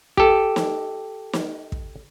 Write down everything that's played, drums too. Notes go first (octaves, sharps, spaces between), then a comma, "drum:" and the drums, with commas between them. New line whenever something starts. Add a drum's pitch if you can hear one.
G4 A4, drum: kick
drum: snare
drum: snare
drum: kick